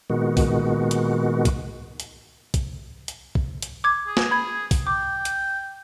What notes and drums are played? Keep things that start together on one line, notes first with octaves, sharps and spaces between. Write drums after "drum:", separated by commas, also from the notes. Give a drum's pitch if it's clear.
A#2 D#3 G#3 B3 F#4
drum: kick, open hi-hat
drum: hi-hat
drum: kick, hi-hat
drum: hi-hat
drum: kick, hi-hat
drum: hi-hat
drum: kick
drum: hi-hat
D6 G#6
G#4
drum: snare
B5 G#6
drum: kick, open hi-hat
G5 D6
drum: hi-hat